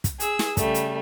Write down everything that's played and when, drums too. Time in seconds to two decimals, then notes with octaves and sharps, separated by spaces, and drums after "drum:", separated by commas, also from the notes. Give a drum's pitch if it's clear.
0.04 drum: kick, hi-hat
0.20 G#4 E6, drum: hi-hat
0.39 drum: snare
0.57 C#3 G3 A3, drum: kick, hi-hat
0.74 drum: hi-hat